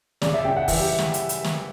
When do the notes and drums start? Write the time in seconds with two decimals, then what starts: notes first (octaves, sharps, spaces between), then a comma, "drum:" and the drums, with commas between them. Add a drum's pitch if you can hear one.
0.22 C#3 D5, drum: snare
0.34 E5
0.45 C#3 G5
0.56 F#5
0.68 E3 E5, drum: kick, open hi-hat
0.80 G4
0.98 drum: snare
1.14 drum: hi-hat
1.29 drum: hi-hat
1.44 drum: snare